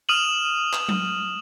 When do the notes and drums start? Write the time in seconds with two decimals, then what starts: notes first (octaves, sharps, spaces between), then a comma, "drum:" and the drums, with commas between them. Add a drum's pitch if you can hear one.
0.09 D#6 F6 D#7 E7 F#7
0.73 drum: clap
0.89 drum: tom F#3